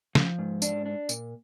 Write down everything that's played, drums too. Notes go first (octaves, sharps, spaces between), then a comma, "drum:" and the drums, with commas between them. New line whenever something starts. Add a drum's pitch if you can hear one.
F3, drum: snare
G#2
D4, drum: tambourine
D4
A#2, drum: tambourine